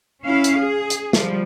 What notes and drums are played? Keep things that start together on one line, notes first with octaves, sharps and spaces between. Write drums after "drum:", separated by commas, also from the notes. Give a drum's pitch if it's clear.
C#4 E4 F5
drum: hi-hat
G#4
drum: hi-hat
F3 G3, drum: snare